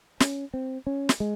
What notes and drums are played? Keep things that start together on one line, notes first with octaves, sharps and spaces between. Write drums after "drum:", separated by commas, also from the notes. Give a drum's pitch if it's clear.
C#4, drum: snare
C4
C#4
drum: snare
G#3